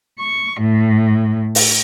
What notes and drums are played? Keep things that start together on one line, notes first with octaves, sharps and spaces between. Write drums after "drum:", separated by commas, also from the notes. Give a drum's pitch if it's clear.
C#6
A2
drum: open hi-hat